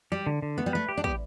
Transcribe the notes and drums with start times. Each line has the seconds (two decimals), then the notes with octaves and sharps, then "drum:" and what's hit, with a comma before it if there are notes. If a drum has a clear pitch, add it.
0.12 G3 G4
0.26 D3
0.42 D3
0.58 A3 B3
0.66 G3
0.73 A3 B4
0.89 G4
0.97 D4
1.04 B3 G4, drum: kick